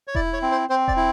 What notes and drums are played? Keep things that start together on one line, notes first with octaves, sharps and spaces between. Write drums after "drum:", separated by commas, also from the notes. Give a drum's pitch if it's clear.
C#5
E4 D5, drum: kick E1
C#5
C4
C5
C4 C5
D5, drum: kick E1
E4